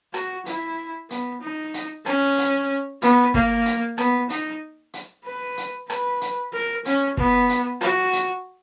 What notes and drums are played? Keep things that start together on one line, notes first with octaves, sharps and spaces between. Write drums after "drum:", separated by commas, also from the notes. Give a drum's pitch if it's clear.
F#4, drum: rim click
E4, drum: hi-hat
B3, drum: hi-hat
D#4
drum: hi-hat
C#4, drum: rim click
drum: hi-hat
B3, drum: hi-hat
A#3, drum: kick
drum: hi-hat
B3, drum: rim click
D#4, drum: hi-hat
drum: hi-hat
B4
drum: hi-hat
B4, drum: rim click
drum: hi-hat
A#4
C#4, drum: hi-hat
B3, drum: kick
drum: hi-hat
F#4, drum: rim click
drum: hi-hat